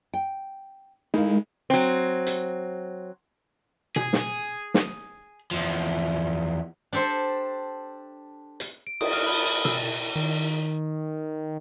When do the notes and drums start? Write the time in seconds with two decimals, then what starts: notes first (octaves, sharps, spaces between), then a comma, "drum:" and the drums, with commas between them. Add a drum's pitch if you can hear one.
0.14 G5
1.14 G#3 D#4 E4 A4 A#4 F5
1.70 F#3 C4
2.27 drum: hi-hat
3.96 G#4, drum: tom B2
4.13 drum: snare
4.74 drum: snare
5.51 E2 F3
6.93 D4 G4 A4 C5
8.60 drum: hi-hat
8.87 D7
9.01 D#6, drum: cymbal
9.13 F6
9.26 B5
9.46 F#7
9.65 E6, drum: tom B2
10.15 D#3